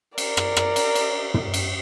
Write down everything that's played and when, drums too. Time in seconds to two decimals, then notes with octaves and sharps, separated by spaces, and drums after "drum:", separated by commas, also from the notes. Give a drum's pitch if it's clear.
0.18 A#4 D5, drum: cymbal
0.37 drum: rim click
0.57 drum: rim click
0.76 drum: cymbal
0.95 drum: cymbal
1.34 drum: tom
1.54 drum: cymbal